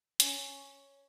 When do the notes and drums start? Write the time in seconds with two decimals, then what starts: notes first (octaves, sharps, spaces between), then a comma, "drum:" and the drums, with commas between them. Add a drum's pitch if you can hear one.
0.20 C#4, drum: hi-hat